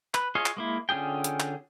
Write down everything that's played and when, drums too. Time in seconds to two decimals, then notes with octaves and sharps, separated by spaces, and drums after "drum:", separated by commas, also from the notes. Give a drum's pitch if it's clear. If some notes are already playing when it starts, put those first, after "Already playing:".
0.14 B4, drum: clap
0.35 F4 G#4 C#5 D#5 F5
0.46 drum: clap
0.57 G#3 A#3 E4
0.89 D3 C#4 F4 G#4 G5
1.24 drum: hi-hat
1.40 drum: clap